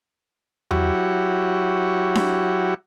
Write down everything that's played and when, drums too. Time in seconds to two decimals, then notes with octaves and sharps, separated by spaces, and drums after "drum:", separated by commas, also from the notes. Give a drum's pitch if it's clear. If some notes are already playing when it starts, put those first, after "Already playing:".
0.71 F#3 E4 F#4 G4 C#5, drum: tom E2
2.15 drum: snare D4